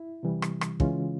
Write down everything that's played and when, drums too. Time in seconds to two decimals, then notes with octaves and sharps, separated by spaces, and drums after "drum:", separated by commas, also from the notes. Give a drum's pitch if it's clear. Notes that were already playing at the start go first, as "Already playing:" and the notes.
Already playing: E4
0.23 C3 E3 G3
0.42 drum: rim click
0.61 drum: rim click
0.80 C#3 E3 G#3 C#4 F4, drum: kick